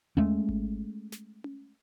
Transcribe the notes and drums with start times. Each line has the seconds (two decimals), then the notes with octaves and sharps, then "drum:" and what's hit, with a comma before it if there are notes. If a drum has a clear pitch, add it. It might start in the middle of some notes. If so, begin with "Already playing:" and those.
0.17 G#3 A3 C#4, drum: tom D#2
0.49 drum: kick G#1
1.12 drum: snare
1.44 drum: tom C#4